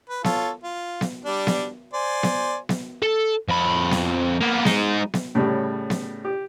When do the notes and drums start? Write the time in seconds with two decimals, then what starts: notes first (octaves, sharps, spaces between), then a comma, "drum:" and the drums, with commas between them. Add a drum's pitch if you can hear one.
0.09 B4
0.24 F4 A4 C#5, drum: snare B3
0.64 F4
1.01 drum: snare B3
1.25 G3 D4
1.47 drum: snare B3
1.93 C5 D5 G#5
2.23 drum: snare B3
2.69 drum: snare B3
3.02 A4
3.49 F2 B5
3.91 drum: snare B3
4.41 A#3 B3
4.65 G#3 D#4, drum: snare B3
5.14 drum: snare B3
5.35 A2 C#3 G3
5.90 drum: snare B3
6.25 G4